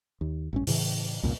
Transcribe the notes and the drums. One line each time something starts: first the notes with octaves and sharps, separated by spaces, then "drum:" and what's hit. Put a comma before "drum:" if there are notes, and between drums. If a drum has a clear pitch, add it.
D#2
A1 G2 C#4
A2 C#3 E3, drum: open hi-hat
C2 F2 A#2 C#3